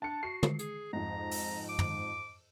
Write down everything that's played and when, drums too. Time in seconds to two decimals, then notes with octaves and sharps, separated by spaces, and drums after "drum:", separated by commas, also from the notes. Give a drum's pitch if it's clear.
0.02 D4 A5 C#7
0.23 F#4 C7
0.43 drum: tom
0.59 G#4, drum: hi-hat
0.93 F2 G#2 A#5
1.31 drum: open hi-hat
1.69 D6
1.79 drum: tom